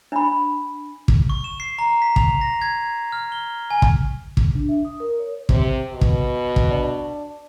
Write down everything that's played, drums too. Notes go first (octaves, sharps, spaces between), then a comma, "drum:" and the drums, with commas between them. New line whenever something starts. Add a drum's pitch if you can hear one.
D4 B5
drum: kick
C#6
E7
C7
A#5
B6
F7, drum: kick
A#6
G#6
F6
G7
G#5
drum: kick
drum: kick
D4
E5
D#6
A#4
C#5
C3, drum: kick
B2
drum: kick
drum: kick
D4